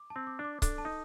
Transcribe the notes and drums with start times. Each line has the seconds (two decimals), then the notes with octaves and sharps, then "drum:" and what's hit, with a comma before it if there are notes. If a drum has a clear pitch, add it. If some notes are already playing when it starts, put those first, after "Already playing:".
Already playing: D6
0.10 A5
0.16 C4
0.27 D6
0.39 D4
0.45 D6
0.62 D4 A4, drum: kick C#1, hi-hat
0.78 A5
0.85 D#4